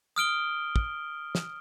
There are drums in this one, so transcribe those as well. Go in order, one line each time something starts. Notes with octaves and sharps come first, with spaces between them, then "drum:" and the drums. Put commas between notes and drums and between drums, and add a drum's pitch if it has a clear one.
D#6 F6 D7 G7
drum: kick
drum: snare